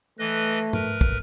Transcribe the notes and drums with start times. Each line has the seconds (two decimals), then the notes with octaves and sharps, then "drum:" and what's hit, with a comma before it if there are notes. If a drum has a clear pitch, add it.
0.19 E3 A3 B4 D#5
0.73 A#4 B4, drum: tom
1.01 drum: kick